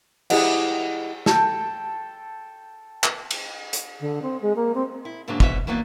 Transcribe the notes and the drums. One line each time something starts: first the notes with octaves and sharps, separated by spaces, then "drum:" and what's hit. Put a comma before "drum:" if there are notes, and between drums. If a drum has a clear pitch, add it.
E4 G4 G#4 D#5 F#5, drum: cymbal
A4 G5, drum: snare
drum: clap
drum: cymbal
drum: hi-hat
D3
C4
G#3
A#3
C4
E4
G#2 C#3 F#3 G#3 A#3 D4
G#2 B2 C#4 B4 E5, drum: kick
E3 F#3 A#3 B3 D5